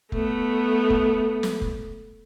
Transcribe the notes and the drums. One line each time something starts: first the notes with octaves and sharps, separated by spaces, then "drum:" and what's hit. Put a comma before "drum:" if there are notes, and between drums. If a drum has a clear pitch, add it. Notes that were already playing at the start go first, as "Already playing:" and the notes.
A3 B3, drum: kick F1
drum: kick F1
drum: snare
drum: kick F1